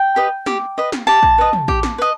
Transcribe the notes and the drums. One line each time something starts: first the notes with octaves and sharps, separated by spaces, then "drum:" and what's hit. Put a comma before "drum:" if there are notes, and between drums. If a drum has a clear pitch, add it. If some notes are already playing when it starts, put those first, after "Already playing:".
Already playing: G5
G4 B4 D#5
G4, drum: snare
B4 D#5
drum: snare
G4 A5
drum: kick A#1
B4 D#5
drum: tom
G4, drum: kick A#1
drum: snare
B4 D#5